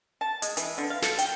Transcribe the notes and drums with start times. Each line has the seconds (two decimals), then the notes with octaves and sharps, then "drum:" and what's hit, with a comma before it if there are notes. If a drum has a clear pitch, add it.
0.21 A5
0.42 G#3, drum: hi-hat
0.57 E3, drum: hi-hat
0.78 D3
0.90 F5
1.02 A4, drum: snare
1.18 G5, drum: hi-hat